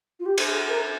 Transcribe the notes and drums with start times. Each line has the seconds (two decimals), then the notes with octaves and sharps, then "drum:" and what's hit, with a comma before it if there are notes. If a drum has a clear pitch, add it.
0.20 F4
0.26 G4
0.38 drum: cymbal
0.47 G#4
0.69 A#4